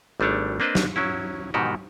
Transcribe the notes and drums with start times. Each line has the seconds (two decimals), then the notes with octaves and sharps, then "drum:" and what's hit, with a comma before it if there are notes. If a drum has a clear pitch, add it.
0.20 G#1 G3 A3 D4 C#5
0.60 A#3 C4 D4 B4 C5 D#5
0.75 drum: snare
0.96 F#3 C#4 E4
1.54 G#2 B2 D#3 E3 F#4 G4